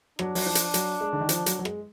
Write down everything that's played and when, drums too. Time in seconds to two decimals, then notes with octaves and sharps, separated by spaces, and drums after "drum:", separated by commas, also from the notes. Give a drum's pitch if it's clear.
0.19 F#3 D4, drum: rim click
0.35 F#3, drum: open hi-hat
0.46 F3
0.55 drum: hi-hat
0.74 F#3, drum: hi-hat
1.01 G#3
1.13 D3
1.20 D#3
1.29 F3, drum: hi-hat
1.46 F#3, drum: hi-hat
1.59 F#3
1.65 G#3, drum: rim click